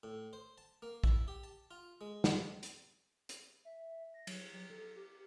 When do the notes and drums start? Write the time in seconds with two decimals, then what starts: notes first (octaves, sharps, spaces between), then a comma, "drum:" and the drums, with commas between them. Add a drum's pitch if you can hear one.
0.03 A2
0.33 C5
0.58 A5
0.82 A#3
1.04 E4, drum: kick
1.28 G4
1.43 A5
1.71 F4
2.01 G#3
2.24 drum: snare
2.63 drum: hi-hat
3.29 drum: hi-hat
3.65 E5
4.14 A#6
4.27 F#3, drum: cymbal
4.53 F#3
4.70 A4
4.96 G4